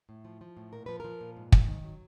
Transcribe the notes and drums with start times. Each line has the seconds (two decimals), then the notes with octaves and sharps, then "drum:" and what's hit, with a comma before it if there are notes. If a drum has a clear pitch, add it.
0.09 A2
0.25 F3
0.41 F3
0.57 A2
0.73 A#2 A#4
0.86 F3 B4
1.00 F3 A#4
1.21 A#2
1.37 G#2
1.52 G#2, drum: kick
1.68 D#3
1.84 F#3